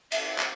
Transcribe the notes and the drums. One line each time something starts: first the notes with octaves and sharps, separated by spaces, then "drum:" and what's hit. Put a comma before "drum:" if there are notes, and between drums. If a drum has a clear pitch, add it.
E5, drum: cymbal
drum: clap